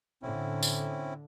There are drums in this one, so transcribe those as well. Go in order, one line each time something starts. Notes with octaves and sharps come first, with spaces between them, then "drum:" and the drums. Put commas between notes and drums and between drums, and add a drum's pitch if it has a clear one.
A2 D3 C4 C#4 E4
drum: tambourine